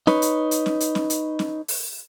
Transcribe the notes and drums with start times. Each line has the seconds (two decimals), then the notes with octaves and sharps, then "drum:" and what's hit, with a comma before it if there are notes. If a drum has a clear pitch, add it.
0.07 D#4 B4 C#5, drum: snare
0.22 drum: hi-hat
0.51 drum: hi-hat
0.66 drum: snare
0.80 drum: hi-hat
0.95 drum: snare
1.10 drum: hi-hat
1.39 drum: snare
1.68 drum: open hi-hat